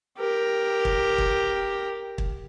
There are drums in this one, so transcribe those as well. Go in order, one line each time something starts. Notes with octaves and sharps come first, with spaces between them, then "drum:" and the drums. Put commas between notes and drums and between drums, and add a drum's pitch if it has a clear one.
G4 A#4
drum: kick
drum: kick
drum: kick